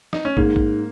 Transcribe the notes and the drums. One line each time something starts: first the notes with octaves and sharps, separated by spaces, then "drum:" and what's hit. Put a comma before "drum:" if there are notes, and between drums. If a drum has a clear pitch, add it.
D#4, drum: snare
C#4
G#2 A#3, drum: kick
drum: kick